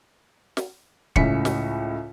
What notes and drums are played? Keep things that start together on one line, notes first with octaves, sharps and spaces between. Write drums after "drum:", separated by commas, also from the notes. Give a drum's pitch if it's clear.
drum: snare
C#2 A2 C#4 B6 C#7, drum: kick
drum: snare